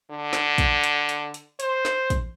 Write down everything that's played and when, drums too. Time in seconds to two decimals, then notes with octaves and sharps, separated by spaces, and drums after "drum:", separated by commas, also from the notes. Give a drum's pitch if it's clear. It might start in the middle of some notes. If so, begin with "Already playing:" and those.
0.11 D3
0.33 drum: snare
0.58 drum: kick, hi-hat
0.84 drum: hi-hat
1.09 drum: hi-hat
1.34 drum: hi-hat
1.60 C5, drum: hi-hat
1.85 drum: snare
2.10 drum: kick, hi-hat